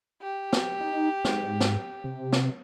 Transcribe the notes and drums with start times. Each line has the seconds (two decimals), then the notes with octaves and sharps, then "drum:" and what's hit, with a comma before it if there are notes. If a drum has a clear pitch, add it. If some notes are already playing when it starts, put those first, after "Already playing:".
0.22 G4
0.53 drum: snare
0.81 D#4
1.25 G#2, drum: snare
1.61 drum: snare
2.04 C3
2.33 drum: snare